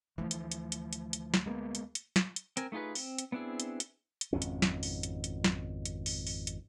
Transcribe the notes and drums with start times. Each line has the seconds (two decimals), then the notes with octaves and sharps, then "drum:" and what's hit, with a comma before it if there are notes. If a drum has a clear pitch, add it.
0.18 D2 E3 F3 A3
0.31 drum: hi-hat
0.51 drum: hi-hat
0.72 drum: hi-hat
0.93 drum: hi-hat
1.13 drum: hi-hat
1.34 drum: snare
1.46 G#3 A#3 B3
1.75 drum: hi-hat
1.95 drum: hi-hat
2.16 drum: snare
2.36 drum: hi-hat
2.57 C4 A#4 G#5, drum: hi-hat
2.72 A3 D#4 F4 G#4 B4
2.95 C4, drum: open hi-hat
3.18 drum: hi-hat
3.32 B3 C4 D4 E4 G#4
3.60 drum: hi-hat
3.80 drum: hi-hat
4.21 drum: hi-hat
4.33 G#1 F2 B2 C#4
4.42 drum: hi-hat
4.62 drum: snare
4.83 drum: open hi-hat
5.03 drum: hi-hat
5.24 drum: hi-hat
5.44 drum: snare
5.85 drum: hi-hat
6.06 drum: open hi-hat
6.27 drum: open hi-hat
6.47 drum: hi-hat